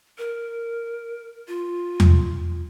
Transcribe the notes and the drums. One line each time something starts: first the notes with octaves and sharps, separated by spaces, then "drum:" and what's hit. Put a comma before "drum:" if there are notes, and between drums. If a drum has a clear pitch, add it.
A#4
F4
drum: tom E2